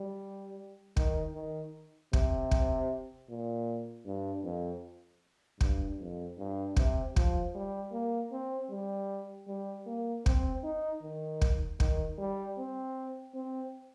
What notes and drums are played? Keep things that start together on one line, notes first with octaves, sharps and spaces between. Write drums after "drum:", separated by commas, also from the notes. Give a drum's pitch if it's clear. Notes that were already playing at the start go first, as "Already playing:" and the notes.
Already playing: G3
D#3, drum: kick
D#3
C3, drum: kick
drum: kick
A#2
G2
F2
G2, drum: kick
F2
G2
C3, drum: kick
F3, drum: kick
G3
A#3
C4
G3
G3
A#3
C4, drum: kick
D#4
D#3
drum: kick
D#3, drum: kick
G3
C4
C4